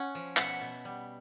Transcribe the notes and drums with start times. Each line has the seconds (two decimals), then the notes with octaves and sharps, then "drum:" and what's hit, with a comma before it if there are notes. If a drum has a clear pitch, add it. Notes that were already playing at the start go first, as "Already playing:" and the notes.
Already playing: C#4 F#5
0.15 F3
0.37 B2 E5 F#5, drum: clap
0.61 B2
0.85 G3